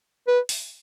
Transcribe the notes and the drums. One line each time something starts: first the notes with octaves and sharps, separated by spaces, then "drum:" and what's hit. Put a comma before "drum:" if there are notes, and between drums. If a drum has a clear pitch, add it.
B4
drum: open hi-hat